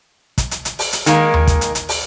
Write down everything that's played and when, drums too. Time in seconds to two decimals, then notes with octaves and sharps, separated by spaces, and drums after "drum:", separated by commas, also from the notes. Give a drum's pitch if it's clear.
0.38 drum: kick, hi-hat
0.51 drum: hi-hat
0.65 drum: hi-hat
0.79 drum: open hi-hat
0.93 drum: hi-hat
1.06 D#3 G#3 A#3, drum: hi-hat
1.34 drum: tom D#2
1.47 drum: kick, hi-hat
1.61 drum: hi-hat
1.75 drum: hi-hat
1.89 drum: open hi-hat